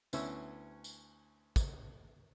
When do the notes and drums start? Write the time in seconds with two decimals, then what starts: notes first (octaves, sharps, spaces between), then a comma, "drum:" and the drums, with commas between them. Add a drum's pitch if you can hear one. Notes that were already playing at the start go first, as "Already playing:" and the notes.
0.13 D2 B3 C#4 E4 E6, drum: tambourine
0.84 drum: tambourine
1.56 drum: kick, tambourine